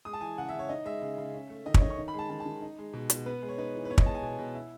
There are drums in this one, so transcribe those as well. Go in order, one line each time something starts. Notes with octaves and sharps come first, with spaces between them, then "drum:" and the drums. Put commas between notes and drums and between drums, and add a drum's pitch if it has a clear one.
G#3 D#6
A5
E3 G#5
C#3 F#5
E5
C#3
C#5
D#4 D#5
G#3 E5
C#3
C#3
C#4
A3
D#3 D#5
C#5, drum: kick
D#3 D#5
C#6
D#4
B5
G#3 A5
D#3 A5
A5
D#3
D#4
G#3
B2
B2, drum: hi-hat
B3 B4
G#3
C#5
D#4 B4
E3
B4
B3 C#5
D#5, drum: kick
G#3 A5
G#5
B2
B2
E4